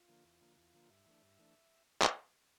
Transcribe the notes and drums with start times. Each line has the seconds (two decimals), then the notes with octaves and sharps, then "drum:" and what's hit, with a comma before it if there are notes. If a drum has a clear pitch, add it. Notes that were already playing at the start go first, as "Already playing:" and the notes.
Already playing: F4
0.08 D3 F3 A#3
0.24 E2
0.41 D3 F3 A#3
0.57 E2 F4
0.73 D3 F3 A#3
0.89 G2 E5
1.06 E3 A3 D4
1.22 G2
1.38 E3 A3 D4
2.02 drum: clap